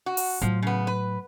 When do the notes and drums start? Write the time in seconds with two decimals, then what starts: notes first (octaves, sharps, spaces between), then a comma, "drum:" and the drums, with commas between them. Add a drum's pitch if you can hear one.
0.06 F#4
0.17 drum: open hi-hat
0.42 A2 F3 F#3
0.63 C#3 B3
0.87 B4